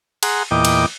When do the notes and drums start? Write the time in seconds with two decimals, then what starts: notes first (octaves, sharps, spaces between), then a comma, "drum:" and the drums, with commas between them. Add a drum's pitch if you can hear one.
0.23 G#4 F#5 A#5 C6, drum: cymbal
0.51 E2 A#2 D#5 G5 D6
0.65 drum: cymbal